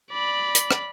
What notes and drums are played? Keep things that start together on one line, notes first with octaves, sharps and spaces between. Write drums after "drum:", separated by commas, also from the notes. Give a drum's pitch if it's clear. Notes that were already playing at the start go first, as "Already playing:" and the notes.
D5 B5
drum: hi-hat
drum: rim click